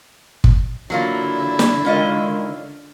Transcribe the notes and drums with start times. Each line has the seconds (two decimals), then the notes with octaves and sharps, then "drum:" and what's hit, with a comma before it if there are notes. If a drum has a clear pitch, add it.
0.44 drum: kick
0.90 D3 F#3 A#3 E4 F4
1.59 drum: snare
1.85 D#3 G#3 C#4 F4 D#5